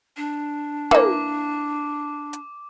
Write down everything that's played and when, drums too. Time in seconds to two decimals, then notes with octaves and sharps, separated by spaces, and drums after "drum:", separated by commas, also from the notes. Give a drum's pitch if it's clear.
0.17 D4
0.91 E3 A#3 D6, drum: tom
2.33 drum: hi-hat